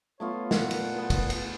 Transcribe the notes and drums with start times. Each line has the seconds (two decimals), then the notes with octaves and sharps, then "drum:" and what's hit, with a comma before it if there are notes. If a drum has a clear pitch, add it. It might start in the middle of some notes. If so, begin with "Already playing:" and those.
0.20 A3 B3 F4 C#5
0.51 A#2 F#5, drum: snare
0.71 drum: cymbal
0.98 B3
1.10 drum: kick, cymbal
1.30 drum: cymbal